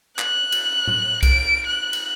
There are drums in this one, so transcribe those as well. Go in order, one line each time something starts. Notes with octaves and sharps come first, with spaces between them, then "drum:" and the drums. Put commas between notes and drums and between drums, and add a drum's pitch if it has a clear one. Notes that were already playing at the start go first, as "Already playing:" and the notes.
F#6, drum: clap
drum: cymbal
drum: tom A2
D7, drum: kick B1, cymbal
F#6
drum: cymbal